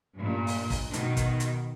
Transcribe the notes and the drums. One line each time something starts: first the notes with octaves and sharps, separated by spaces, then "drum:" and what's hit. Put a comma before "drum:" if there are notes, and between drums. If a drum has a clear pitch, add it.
G2 A#2
drum: open hi-hat
drum: kick, open hi-hat
B2 D#3, drum: hi-hat
drum: kick, hi-hat
drum: hi-hat